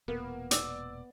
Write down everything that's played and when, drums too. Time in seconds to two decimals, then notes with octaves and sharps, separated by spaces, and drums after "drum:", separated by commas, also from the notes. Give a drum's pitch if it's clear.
0.08 E1 A#2 A#3 B3
0.51 D5 D6 E6, drum: hi-hat